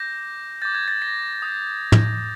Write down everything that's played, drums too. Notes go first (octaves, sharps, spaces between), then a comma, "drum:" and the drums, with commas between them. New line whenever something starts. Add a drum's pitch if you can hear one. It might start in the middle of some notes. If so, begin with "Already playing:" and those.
Already playing: D6 G6 A#6
D6 G6 A6
G#6
A6
A#6
D#6 G6
drum: tom